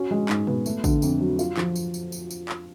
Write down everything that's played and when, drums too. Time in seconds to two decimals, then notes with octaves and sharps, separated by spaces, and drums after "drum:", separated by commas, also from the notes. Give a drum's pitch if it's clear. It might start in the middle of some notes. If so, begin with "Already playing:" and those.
Already playing: C#4 F#4
0.11 G#3
0.29 G#2, drum: clap
0.47 B3, drum: tom
0.66 A3, drum: tambourine
0.84 D3, drum: kick, tambourine
1.02 F2, drum: tambourine
1.21 F#3
1.39 F4, drum: tambourine
1.57 F3, drum: clap
1.76 drum: tambourine
1.94 drum: tambourine
2.12 drum: tambourine
2.31 drum: tambourine
2.49 drum: clap